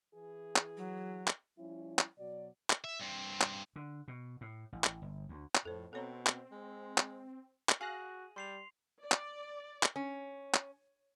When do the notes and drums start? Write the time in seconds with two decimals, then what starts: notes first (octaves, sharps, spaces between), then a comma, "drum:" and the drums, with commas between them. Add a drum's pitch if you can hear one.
0.13 E3 G#4
0.56 drum: clap
0.77 F#3
1.28 drum: clap
1.58 F3 G3 C#4 E4
1.99 drum: clap
2.18 B2 F#3 F#4 D5
2.70 drum: clap
2.84 E5
3.00 G2 C4
3.41 drum: clap
3.76 D3
4.08 B2
4.41 A2
4.72 A1
4.84 drum: clap
5.02 G1
5.29 D2
5.55 drum: clap
5.65 F2 A2 A4 C5
5.93 B2 C4 A4 C#5 A#5
6.27 drum: clap
6.52 G#3
6.98 drum: clap
7.69 drum: clap
7.81 F#4 G#4 F5 F#6 A#6
8.36 G3 C6 C7 F7
9.01 D5
9.12 drum: clap
9.83 drum: clap
9.96 C#4
10.54 drum: clap